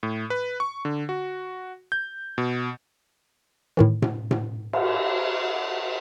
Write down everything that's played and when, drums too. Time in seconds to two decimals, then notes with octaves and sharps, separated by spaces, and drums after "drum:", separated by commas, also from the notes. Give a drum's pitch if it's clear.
0.03 A2
0.30 B4
0.60 C#6
0.85 D3
1.09 F#4
1.92 G6
2.38 B2
3.77 A2 D#3 E3
4.02 drum: tom A2
4.31 drum: tom A2
4.73 drum: cymbal